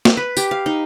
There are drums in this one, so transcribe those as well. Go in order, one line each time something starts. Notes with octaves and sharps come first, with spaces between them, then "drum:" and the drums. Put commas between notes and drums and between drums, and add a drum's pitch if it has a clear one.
drum: snare
B4
G4, drum: tambourine
F5
D#4